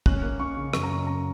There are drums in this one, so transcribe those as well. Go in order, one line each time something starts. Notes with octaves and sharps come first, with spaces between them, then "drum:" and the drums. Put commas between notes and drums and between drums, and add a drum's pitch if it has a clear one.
C#4 F#6, drum: kick
A#3
C#4 C#6
C#3
F#2 C#6, drum: rim click
A#5
C#3 C#6
C#4 A#5